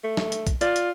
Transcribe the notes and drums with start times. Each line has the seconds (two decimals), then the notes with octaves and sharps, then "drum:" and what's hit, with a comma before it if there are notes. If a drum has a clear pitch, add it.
0.04 A3
0.17 drum: snare
0.32 drum: hi-hat
0.47 drum: kick, hi-hat
0.61 F4 D5, drum: hi-hat
0.76 drum: hi-hat